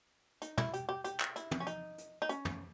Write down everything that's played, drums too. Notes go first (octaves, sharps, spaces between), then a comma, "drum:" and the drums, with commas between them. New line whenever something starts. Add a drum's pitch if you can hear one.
D#4, drum: hi-hat
E4, drum: tom
G4, drum: hi-hat
G4
G4, drum: hi-hat
drum: clap
E4, drum: hi-hat
drum: tom
C#4
D#4, drum: hi-hat
drum: hi-hat
D#4
C#4, drum: hi-hat
drum: tom